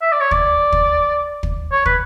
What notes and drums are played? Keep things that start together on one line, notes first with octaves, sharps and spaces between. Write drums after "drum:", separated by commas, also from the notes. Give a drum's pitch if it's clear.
E5
D5
C#5
D5, drum: kick
drum: kick
drum: kick
C#5
B4, drum: kick